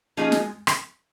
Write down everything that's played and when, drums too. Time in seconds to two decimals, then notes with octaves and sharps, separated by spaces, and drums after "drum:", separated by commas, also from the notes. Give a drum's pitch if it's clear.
0.17 F3 A#3 C#4 D#4 G#4
0.32 G#3, drum: snare
0.67 drum: rim click